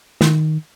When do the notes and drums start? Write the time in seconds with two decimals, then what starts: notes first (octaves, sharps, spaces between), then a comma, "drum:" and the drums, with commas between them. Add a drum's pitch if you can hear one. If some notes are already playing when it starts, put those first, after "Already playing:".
0.21 D#3, drum: snare